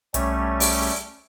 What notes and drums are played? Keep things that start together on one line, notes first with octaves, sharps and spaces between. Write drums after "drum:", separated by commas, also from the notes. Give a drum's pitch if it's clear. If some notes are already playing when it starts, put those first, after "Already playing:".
B1 G3 A3 C#4 C#5 A5, drum: hi-hat
drum: open hi-hat